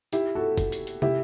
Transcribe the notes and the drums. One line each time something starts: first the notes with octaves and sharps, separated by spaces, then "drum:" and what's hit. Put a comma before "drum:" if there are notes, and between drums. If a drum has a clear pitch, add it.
E4 G4, drum: hi-hat
F#4 A4
drum: kick, hi-hat
drum: hi-hat
drum: hi-hat
E4 G4, drum: tom